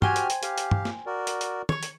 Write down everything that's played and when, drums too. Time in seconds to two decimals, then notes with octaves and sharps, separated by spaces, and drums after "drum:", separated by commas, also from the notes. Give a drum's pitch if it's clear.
0.02 F#4 G4 C5 G5 G#5 F6, drum: tom
0.16 drum: hi-hat
0.30 drum: hi-hat
0.43 G4 F5, drum: hi-hat
0.58 drum: hi-hat
0.71 drum: tom
0.85 drum: snare
1.06 F#4 A#4 D5
1.27 drum: hi-hat
1.41 drum: hi-hat
1.69 C#5 C#6, drum: tom
1.83 drum: hi-hat